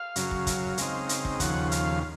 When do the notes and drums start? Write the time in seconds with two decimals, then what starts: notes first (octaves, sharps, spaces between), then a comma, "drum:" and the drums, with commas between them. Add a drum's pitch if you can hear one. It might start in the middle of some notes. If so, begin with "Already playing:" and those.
Already playing: F5
0.16 F#2 C#3 F#3, drum: hi-hat
0.31 drum: kick
0.47 drum: kick, hi-hat
0.77 C#3 G#3 C4 D#4, drum: hi-hat
1.09 drum: hi-hat
1.25 drum: kick
1.40 D#2 C#3 F3 F#5, drum: kick, hi-hat
1.71 F5, drum: hi-hat